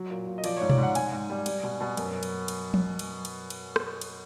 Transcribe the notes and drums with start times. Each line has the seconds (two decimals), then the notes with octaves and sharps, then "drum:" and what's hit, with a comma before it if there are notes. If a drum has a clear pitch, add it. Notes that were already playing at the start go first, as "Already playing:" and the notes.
Already playing: F#3
0.10 A#2
0.27 A#2
0.38 D#5
0.44 F3 D5, drum: cymbal
0.57 G#2 C#5
0.70 D5, drum: tom B2
0.78 G#2
0.83 F#5
0.95 G#2 G#5, drum: cymbal
1.12 G#2
1.30 G3
1.46 G3, drum: cymbal
1.63 B2
1.80 B2
1.97 F#2, drum: cymbal
2.23 drum: cymbal
2.48 drum: cymbal
2.74 drum: tom F3
2.99 drum: cymbal
3.25 drum: cymbal
3.50 drum: cymbal
3.76 drum: rim click
4.01 drum: cymbal